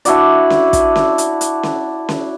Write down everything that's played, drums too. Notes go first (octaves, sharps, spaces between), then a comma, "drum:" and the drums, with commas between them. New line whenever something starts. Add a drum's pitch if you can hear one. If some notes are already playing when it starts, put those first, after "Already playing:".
D4 E4 F#4 D5, drum: hi-hat
drum: snare C#4
drum: kick, hi-hat
drum: snare C#4
drum: hi-hat
drum: hi-hat
drum: snare C#4
drum: snare C#4